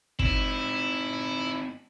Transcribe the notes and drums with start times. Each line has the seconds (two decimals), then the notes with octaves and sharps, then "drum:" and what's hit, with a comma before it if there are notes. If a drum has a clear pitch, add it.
0.19 C4 D#4 E4, drum: kick